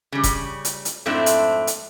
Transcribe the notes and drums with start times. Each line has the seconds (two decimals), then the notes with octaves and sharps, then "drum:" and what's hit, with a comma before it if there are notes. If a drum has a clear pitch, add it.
0.12 C#3 G3
0.23 drum: kick F1, hi-hat
0.65 drum: hi-hat
0.85 drum: hi-hat
1.06 F2 G#2 A3 C4 D4 E4
1.26 drum: hi-hat
1.67 drum: hi-hat